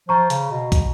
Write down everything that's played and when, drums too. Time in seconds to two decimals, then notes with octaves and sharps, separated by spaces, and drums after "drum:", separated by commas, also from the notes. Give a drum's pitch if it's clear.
0.09 F3 A#5 C#6
0.30 C#3, drum: hi-hat
0.51 B2
0.72 B2, drum: kick, hi-hat